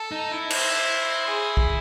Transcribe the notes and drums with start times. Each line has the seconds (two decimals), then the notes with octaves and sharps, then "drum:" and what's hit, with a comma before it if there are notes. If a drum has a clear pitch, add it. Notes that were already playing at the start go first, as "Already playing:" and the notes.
Already playing: A4
0.12 D#4
0.31 E4
0.51 C5, drum: cymbal
1.26 G#4
1.57 drum: kick